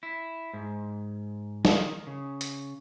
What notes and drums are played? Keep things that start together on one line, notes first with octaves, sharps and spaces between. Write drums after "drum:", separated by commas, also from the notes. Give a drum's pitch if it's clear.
E4
G#2
D#3, drum: snare
C#3
drum: hi-hat